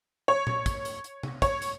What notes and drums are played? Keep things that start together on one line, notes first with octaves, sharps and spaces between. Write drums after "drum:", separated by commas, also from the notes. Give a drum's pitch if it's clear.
C#5
drum: tom A#2
drum: kick, hi-hat
drum: hi-hat
drum: hi-hat
drum: tom
C#5, drum: kick, hi-hat
drum: hi-hat